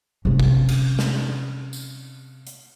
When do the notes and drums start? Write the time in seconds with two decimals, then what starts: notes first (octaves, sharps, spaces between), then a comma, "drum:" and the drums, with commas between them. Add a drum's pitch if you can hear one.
0.25 C3 C#4
0.40 drum: kick
0.69 drum: cymbal
0.99 drum: snare
1.73 drum: tambourine
2.47 drum: hi-hat